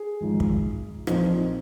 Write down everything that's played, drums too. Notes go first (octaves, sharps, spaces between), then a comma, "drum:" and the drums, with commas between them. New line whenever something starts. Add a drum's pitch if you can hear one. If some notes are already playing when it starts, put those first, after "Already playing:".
Already playing: G#4
G#1 G#2 F3
drum: kick
A#1 A#2 F3 C4 D#4 C5, drum: rim click